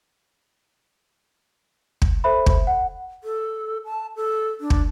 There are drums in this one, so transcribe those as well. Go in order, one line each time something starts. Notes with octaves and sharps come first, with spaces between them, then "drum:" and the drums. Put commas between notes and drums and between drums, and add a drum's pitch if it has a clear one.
drum: kick
A4 C5 E5 B5
drum: kick
F#5
A4
A5
A4
D4
drum: kick